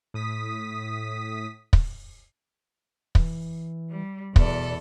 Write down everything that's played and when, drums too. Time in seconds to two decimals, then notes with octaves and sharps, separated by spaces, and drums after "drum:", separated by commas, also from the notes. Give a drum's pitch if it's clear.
0.14 A2 D#6 B6
1.73 drum: kick
3.15 E3, drum: kick
3.90 G3
4.36 E2 B2 A4 D5, drum: kick